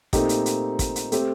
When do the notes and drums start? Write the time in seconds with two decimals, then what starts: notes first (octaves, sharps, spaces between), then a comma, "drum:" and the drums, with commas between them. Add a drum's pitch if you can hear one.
0.13 A#2 A3 C4 D#4 G4, drum: kick, hi-hat
0.29 drum: hi-hat
0.46 drum: hi-hat
0.79 drum: kick, hi-hat
0.96 drum: hi-hat
1.12 A3 C4 G4, drum: hi-hat